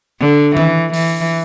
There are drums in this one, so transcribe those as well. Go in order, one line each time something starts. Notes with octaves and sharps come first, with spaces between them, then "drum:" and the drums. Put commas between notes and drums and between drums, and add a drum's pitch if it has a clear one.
D3
E3, drum: tom D#3
E3, drum: open hi-hat